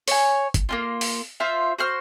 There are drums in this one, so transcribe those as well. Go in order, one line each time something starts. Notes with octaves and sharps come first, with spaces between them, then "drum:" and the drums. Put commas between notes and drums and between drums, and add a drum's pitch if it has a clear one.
C#5 G#5, drum: open hi-hat
drum: kick, hi-hat
A#3 C4 F4
drum: open hi-hat
F4 C5 E5 F5
F#4 C5 F6